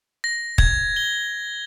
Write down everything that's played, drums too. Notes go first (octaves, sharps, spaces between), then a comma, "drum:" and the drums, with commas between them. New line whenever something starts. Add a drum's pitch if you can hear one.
A#6
G#6, drum: kick
G7